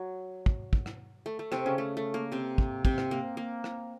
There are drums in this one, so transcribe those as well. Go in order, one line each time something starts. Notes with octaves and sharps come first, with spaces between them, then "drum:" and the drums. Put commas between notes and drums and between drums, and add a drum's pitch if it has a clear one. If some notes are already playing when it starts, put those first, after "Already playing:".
Already playing: F#3
drum: kick
drum: kick
drum: rim click
A3
A3
C3 C4, drum: rim click
C#3 C#4
A3
A3
A#3
C3 C4
drum: kick
C3 C4, drum: kick
drum: rim click
A#3
A#3
drum: rim click